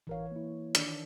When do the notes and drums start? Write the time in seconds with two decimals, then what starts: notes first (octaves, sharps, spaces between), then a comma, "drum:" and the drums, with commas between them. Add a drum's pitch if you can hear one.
0.07 A1 E3 A#4 C#5 F5
0.31 A#3 E4
0.75 D#3 D4 D5, drum: hi-hat